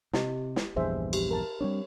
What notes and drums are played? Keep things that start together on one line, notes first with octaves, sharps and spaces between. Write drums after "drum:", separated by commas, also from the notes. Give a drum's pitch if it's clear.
C3 E4 G4 D#5, drum: snare
drum: snare
A#1 E2 G2 G#4 C5 E5
G4, drum: cymbal
A#4 A5
G3 C4 D4 C#5